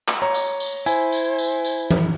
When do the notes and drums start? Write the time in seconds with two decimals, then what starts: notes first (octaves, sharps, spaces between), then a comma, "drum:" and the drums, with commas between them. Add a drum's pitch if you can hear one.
0.08 drum: clap
0.22 C#5 A#5
0.34 drum: tambourine
0.60 drum: tambourine
0.86 E4 C5 G#5, drum: tambourine
1.12 drum: tambourine
1.38 drum: tambourine
1.64 drum: tambourine
1.91 drum: tom E3